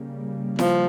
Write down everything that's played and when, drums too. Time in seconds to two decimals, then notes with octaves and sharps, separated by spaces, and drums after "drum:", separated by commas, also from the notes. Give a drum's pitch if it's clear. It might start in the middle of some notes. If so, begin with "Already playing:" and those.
Already playing: C#3 G3 A#3
0.59 F3, drum: snare E4